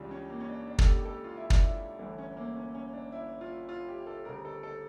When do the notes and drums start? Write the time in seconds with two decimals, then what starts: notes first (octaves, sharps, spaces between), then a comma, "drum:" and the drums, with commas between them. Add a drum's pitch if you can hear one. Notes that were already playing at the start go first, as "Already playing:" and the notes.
Already playing: C#2 C#3 E3 G3 D4 F4
0.11 C#4
0.30 A#3
0.40 C#4
0.49 D4
0.67 D4
0.79 A4, drum: kick
0.87 G4
1.05 A4
1.24 F4
1.37 E4
1.50 D4, drum: kick
1.64 E4
1.99 G1 G2 E3 A3 E4
2.18 C#4
2.37 A#3
2.56 C#4
2.75 C#4
2.93 D4
3.12 E4
3.41 F4
3.69 F4
3.88 G4
4.06 A4
4.25 D2 C#3 G3 A#4
4.45 A4
4.63 A4